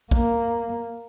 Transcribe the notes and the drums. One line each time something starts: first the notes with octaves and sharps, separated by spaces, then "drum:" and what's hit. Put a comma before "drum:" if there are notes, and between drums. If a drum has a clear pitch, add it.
A#3, drum: kick